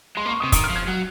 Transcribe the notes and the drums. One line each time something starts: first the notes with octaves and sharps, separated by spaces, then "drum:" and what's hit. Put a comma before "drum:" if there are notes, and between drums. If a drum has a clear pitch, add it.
G#3 C6
A#3
C#6
D#6
C3
D#3 D#6, drum: kick, hi-hat
F6
F3
G#6
F#3 F#6